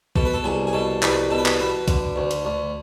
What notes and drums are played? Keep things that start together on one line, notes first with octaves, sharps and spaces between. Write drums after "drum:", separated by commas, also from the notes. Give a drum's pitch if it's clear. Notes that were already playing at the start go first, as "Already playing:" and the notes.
B2 A4, drum: kick A#1
B4
A4
C2 G#4
G#4
B2 A4
C2 B4, drum: clap
B2 A4
B4
A4, drum: clap
B2 B4
D3, drum: kick A#1, hi-hat
D2
drum: hi-hat
D2